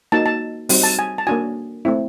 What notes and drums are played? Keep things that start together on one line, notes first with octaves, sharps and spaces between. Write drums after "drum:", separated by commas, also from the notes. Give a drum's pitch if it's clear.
A#3 D#4 F#4 A5
A5
G3 C4 D#4 F#4, drum: open hi-hat
A5
G#5
A5
A#3 D4 F#4 G#5
A3 C4 E4